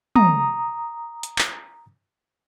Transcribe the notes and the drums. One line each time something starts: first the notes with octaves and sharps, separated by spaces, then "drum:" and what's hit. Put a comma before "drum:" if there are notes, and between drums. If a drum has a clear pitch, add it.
A#5 D#6, drum: tom
drum: hi-hat
drum: clap